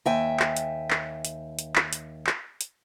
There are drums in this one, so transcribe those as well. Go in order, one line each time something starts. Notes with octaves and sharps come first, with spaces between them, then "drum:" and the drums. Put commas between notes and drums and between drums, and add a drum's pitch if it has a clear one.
D#2 E5 G5 G#5
drum: clap
drum: hi-hat
drum: clap
drum: hi-hat
drum: hi-hat
drum: clap
drum: hi-hat
drum: clap
drum: hi-hat